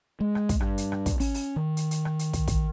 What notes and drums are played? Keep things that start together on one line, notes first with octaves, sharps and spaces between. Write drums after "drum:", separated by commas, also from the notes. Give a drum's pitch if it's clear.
G#3
drum: rim click
drum: kick, hi-hat
G2, drum: rim click
drum: hi-hat
drum: rim click
drum: kick, hi-hat
C#4, drum: open hi-hat
drum: open hi-hat
D#3
drum: hi-hat
drum: hi-hat
drum: rim click
drum: hi-hat
drum: kick, hi-hat
drum: kick, hi-hat